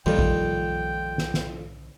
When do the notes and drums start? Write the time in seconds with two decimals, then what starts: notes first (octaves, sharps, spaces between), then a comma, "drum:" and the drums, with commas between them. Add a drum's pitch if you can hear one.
0.06 B1 F2 A#2 D#3 G3 G5
0.19 drum: kick A1
1.18 drum: snare
1.34 drum: snare